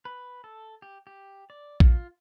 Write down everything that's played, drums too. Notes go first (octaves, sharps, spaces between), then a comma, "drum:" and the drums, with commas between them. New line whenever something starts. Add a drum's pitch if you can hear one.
B4
A4
G4
G4
D5
F4, drum: kick A#1